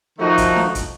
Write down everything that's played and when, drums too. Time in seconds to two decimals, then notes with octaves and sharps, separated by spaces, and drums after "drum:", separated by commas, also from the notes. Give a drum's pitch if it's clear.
0.19 D#3 F3 A3 D#4 F#4
0.38 drum: kick, hi-hat
0.56 drum: snare D4
0.75 drum: kick, hi-hat